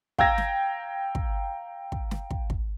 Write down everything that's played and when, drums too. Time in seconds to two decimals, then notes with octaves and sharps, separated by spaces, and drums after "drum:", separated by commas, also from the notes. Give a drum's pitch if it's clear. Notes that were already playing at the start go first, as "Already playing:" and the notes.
0.18 F5 G5 A#5 E6 G#6 A#6, drum: kick
0.38 drum: snare
1.15 drum: kick
1.92 drum: kick
2.11 drum: snare
2.30 drum: kick
2.50 drum: kick